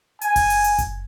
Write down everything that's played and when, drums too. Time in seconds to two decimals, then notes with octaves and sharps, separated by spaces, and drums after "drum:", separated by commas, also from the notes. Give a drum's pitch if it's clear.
0.21 G#5, drum: hi-hat
0.36 drum: kick F#1, open hi-hat
0.50 drum: open hi-hat
0.64 drum: hi-hat
0.78 drum: kick F#1, hi-hat